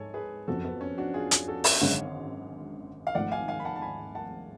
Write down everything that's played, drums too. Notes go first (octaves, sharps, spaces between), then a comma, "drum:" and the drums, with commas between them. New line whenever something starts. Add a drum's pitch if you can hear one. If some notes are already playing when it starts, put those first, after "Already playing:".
Already playing: G#2 A4 C#5 G#5
G#4 B4
F#1 F2 F3 F#4 A4
B3
C#4
D4 F#4
F4 G#4
drum: hi-hat
F#4 A4
drum: open hi-hat
G#1 F#2 D3 G#3 C#5 F5
F5
G#1 G#2 F3 A3 D5 F#5
F5 G#5
F5 G#5
B5
F#5 A5
A5
G#5 B5
F#5 A5